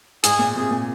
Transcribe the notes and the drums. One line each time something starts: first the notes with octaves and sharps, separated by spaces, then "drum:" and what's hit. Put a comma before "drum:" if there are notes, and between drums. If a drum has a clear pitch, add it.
G#2 G#4, drum: hi-hat
A#2
C3 G#4
A#2